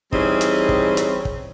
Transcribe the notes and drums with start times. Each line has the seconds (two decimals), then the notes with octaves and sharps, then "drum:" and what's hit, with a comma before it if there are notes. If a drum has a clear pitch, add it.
0.13 E3 G3 C4 C#4 D#4 G#4, drum: kick
0.41 drum: hi-hat
0.69 drum: kick
0.97 drum: hi-hat
1.25 drum: kick